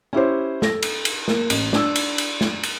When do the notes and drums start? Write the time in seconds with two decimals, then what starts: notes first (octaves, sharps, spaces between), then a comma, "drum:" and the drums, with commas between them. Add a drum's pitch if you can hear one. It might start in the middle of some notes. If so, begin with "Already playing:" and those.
0.13 C#4 E4 G4 C5
0.62 A4 A#6, drum: snare
0.83 drum: cymbal
1.05 drum: cymbal
1.28 A#3, drum: snare
1.50 A1, drum: cymbal
1.73 D4 E6, drum: snare
1.96 drum: cymbal
2.18 drum: cymbal
2.41 drum: snare
2.63 drum: cymbal